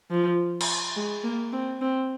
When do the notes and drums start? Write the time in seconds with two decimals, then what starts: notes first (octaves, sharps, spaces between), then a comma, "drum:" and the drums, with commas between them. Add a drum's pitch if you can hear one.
0.10 F3
0.61 drum: cymbal
0.96 G#3
1.24 A#3
1.52 C4
1.81 C4